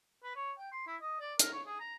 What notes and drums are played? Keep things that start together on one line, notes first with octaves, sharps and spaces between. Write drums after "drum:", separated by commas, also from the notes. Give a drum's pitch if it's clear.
B4
C#5
G5
C6
E4
D#5
D5
A#4, drum: hi-hat
C#5
G#4
A#5